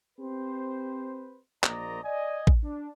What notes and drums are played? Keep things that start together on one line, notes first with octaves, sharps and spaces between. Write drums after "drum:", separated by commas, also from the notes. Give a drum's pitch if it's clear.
C4 G4 B4 C5
A#1 A#3 C5 D5 D#5 A#5, drum: clap
D5 D#5 G#5
drum: kick A1
D4